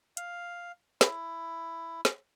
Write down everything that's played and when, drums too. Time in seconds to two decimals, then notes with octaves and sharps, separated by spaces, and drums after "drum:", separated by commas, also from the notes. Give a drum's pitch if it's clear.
0.17 F5, drum: hi-hat
1.01 E4, drum: snare
2.05 drum: snare